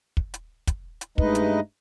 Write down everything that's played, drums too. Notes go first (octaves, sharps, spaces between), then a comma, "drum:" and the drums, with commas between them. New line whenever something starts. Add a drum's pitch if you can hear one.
drum: kick
drum: hi-hat
drum: kick, hi-hat
drum: hi-hat
G2 G#3 A3 D#4 B4 D#5, drum: kick
drum: hi-hat